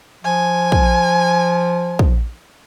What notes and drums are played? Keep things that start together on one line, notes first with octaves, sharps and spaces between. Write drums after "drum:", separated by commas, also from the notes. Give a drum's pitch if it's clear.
F3 G#5
drum: kick
drum: kick